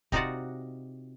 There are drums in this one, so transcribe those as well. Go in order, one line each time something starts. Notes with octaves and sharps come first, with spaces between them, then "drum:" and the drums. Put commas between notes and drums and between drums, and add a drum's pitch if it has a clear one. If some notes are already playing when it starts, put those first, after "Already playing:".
C3 D#4 F4 F#4 D5 F#5, drum: kick